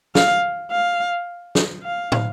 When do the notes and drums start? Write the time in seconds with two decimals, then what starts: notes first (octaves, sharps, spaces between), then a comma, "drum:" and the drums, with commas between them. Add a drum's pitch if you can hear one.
0.15 F5, drum: snare
0.71 F5
1.55 drum: snare
1.83 F5
2.12 drum: tom